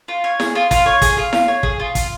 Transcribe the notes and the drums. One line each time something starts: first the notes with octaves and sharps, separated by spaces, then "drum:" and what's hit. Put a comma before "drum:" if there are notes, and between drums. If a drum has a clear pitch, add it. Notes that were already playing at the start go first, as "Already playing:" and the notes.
F4
C#5
G#4, drum: snare E4
F4
F4, drum: kick, hi-hat
C#5
G#4, drum: kick, hi-hat
F4
F4, drum: snare E4
C#5
G#4, drum: kick
F4
F4, drum: kick, hi-hat